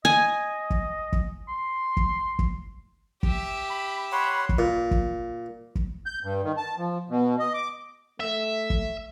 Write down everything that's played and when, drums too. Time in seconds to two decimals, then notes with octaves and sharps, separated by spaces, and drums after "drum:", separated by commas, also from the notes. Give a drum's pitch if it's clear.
0.05 D#5 G#5
0.70 drum: kick
1.12 drum: kick
1.49 C6
1.97 drum: kick
2.39 drum: kick
3.23 G4 E5, drum: kick
3.70 B5
4.12 C#5 F#5 B5 C6
4.49 drum: kick
4.58 A#2
4.91 drum: kick
5.75 drum: kick
6.06 G6
6.23 G2
6.43 D#3
6.57 A5
6.78 F3
7.10 B2
7.39 D#5
7.54 D6
8.20 A3 E5
8.70 drum: kick